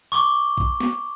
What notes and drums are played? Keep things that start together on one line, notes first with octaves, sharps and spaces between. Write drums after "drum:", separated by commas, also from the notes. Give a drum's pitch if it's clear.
C#6 D6 G7
drum: kick A#1
drum: snare